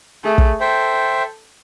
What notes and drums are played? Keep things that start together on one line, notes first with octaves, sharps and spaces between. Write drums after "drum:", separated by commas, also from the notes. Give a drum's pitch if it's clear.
A3 G#4
drum: kick
A4 C5 E5 G5